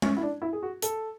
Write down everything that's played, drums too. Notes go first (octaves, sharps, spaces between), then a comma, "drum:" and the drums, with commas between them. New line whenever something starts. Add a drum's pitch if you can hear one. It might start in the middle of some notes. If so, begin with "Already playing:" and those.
C#4, drum: tom G#3
E4
D4
E4
G#4
F#4
A4, drum: hi-hat